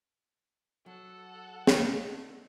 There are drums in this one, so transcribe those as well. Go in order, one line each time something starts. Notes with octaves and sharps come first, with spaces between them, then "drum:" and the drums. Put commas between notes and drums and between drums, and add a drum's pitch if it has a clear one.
F#3 A4 F#5
A#3 D4 D#4, drum: snare